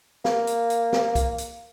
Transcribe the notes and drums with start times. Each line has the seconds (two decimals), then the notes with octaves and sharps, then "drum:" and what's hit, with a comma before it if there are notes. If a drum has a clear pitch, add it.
0.25 A#3, drum: snare
0.47 drum: hi-hat
0.70 drum: hi-hat
0.93 drum: snare
1.15 drum: kick C2, hi-hat
1.38 drum: hi-hat